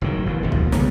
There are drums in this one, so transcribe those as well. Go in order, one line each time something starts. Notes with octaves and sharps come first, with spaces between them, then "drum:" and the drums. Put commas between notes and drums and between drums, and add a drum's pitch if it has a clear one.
F#1 A2 D#3 F#3
F#1 E3
E1 D#2 B2 F3
drum: kick B1
C#3 G3 B3, drum: snare